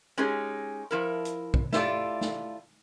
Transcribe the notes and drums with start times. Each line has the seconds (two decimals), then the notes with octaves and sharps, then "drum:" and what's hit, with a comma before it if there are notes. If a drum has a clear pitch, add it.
0.17 G#3 C#4 D#4 G4 G#4
0.91 F3 E4 A#4
1.25 drum: hi-hat
1.54 drum: kick
1.72 A3 E4 F4 G4 A4 D5, drum: snare
2.21 drum: snare